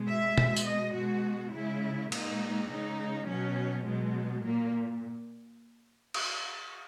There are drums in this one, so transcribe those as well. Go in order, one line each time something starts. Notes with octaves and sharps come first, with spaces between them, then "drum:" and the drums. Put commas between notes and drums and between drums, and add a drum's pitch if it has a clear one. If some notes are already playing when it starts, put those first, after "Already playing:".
Already playing: B2 G#3
E5
B2 G#3, drum: tom
drum: tambourine
D#5
B2 G#3 F#4
C#3 G#3 E4
A#2 G#3 D#4, drum: cymbal
C#3 G#3 D#4
B2 F#3 C#4
B2 F#3 G#3
A#2 A#3
drum: cymbal